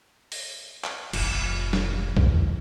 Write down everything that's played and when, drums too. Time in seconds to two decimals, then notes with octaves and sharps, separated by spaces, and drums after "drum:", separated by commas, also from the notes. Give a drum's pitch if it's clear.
0.32 drum: open hi-hat
0.84 drum: clap
1.13 F1 A#1, drum: cymbal
1.73 drum: snare
2.17 E2 A#2, drum: kick B1